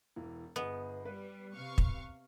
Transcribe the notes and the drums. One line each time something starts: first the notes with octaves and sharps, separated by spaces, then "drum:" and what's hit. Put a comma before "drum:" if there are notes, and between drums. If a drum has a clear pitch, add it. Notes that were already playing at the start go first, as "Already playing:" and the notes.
E1 E3
G1 B3 G#4 D#5
G3 B4
C3 F5 C#6
drum: kick